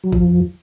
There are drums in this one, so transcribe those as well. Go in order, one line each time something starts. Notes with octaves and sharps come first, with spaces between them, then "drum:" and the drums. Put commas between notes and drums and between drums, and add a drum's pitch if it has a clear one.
F#3
F2 F3, drum: kick A1